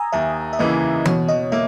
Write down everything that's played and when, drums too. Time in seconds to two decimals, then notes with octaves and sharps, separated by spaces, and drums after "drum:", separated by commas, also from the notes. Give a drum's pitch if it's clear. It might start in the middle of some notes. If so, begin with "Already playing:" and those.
Already playing: G#5 A#5 D#6 E6
0.12 D#2 E5
0.53 E5
0.59 C#3 E3 A#3 E4 D#5
1.05 B2 C#5, drum: tom E3
1.28 D#5
1.52 A#3 E5